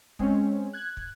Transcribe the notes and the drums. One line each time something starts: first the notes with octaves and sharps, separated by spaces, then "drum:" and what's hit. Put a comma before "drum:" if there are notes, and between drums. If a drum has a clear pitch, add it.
G#3 C4 C#4, drum: kick
F#6 G#6
drum: kick